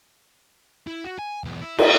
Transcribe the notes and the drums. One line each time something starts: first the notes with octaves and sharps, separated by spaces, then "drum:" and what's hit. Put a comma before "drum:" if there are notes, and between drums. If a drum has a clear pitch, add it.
E4
F#4
G#5
B1 E2
E4
B3, drum: cymbal